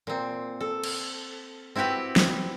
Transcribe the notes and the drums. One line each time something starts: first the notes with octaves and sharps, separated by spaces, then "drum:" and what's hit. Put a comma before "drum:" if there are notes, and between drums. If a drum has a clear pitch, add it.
A#2 C4
A4
drum: cymbal
C4 E4 F#4 G4 B4
drum: snare